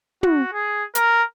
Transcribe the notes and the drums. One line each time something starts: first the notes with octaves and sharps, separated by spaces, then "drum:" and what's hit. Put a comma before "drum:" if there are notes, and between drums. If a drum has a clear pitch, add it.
F#4, drum: tom
G#4
A#4, drum: hi-hat